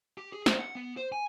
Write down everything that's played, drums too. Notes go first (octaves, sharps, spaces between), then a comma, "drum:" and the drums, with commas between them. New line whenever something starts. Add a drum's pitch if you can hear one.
G4
G#4
C5, drum: snare
F#5
B3
C5
G#5